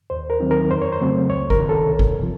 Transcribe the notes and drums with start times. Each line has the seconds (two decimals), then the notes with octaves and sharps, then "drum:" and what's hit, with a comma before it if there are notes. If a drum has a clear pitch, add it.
0.10 D#2 C5
0.30 A#4
0.40 D#3 F#3 C4 D#4
0.51 A#4
0.69 F2 C5
0.82 C#5
0.92 C5
1.00 C#3 F#3 A3 C4
1.30 C#2 C#5
1.50 A#4, drum: kick G#1
1.59 C3 D#3
1.69 A4
1.89 C2
1.99 drum: kick G#1
2.19 C3 F3